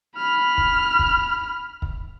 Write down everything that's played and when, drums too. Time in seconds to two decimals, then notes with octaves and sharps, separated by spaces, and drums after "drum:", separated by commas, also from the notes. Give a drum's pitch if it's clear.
0.16 B5 F6
0.58 drum: kick
0.99 drum: kick
1.82 drum: kick